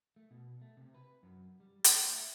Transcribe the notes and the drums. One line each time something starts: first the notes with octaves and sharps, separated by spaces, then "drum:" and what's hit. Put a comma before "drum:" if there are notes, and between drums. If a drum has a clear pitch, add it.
A3
B2
A3
C3
B4
F#2
G3
A3, drum: hi-hat
E5